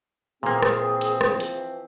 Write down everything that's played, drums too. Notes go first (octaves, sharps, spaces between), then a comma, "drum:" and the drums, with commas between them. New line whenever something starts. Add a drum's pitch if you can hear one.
A#2 E3 F3 A#3 C4 G#4
drum: rim click
drum: hi-hat
drum: rim click
drum: hi-hat